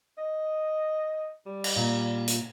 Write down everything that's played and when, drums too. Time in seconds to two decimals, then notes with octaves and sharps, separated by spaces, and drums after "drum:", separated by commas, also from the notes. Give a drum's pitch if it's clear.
0.18 D#5
1.46 G3
1.64 drum: cymbal
1.76 A#2
2.28 drum: hi-hat